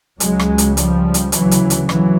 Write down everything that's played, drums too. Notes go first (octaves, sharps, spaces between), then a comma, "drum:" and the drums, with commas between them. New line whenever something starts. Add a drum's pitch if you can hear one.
C#2 C#3 F#3 G#3, drum: hi-hat
drum: rim click
drum: hi-hat
F3 G3, drum: hi-hat
drum: hi-hat
D2 C#3 E3 F#3, drum: hi-hat
drum: hi-hat
drum: hi-hat
E3 F#3, drum: rim click